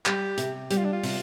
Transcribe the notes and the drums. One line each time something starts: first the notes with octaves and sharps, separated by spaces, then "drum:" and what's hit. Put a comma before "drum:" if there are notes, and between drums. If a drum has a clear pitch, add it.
G3 G4, drum: clap
C3, drum: hi-hat
G3 G4, drum: hi-hat
F4
D4
F4
C3, drum: open hi-hat